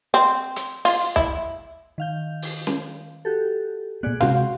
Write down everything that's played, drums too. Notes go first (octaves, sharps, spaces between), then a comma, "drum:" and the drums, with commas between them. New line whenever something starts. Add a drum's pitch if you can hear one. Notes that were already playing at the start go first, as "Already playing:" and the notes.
C4
drum: hi-hat
F4, drum: open hi-hat
E4, drum: kick
D#3 F5 G6
drum: open hi-hat
drum: snare
F#4 G4 A4
A#2 B3 G#4 D5 F#6
C3 G#3 F#4 F5 C6 G6, drum: snare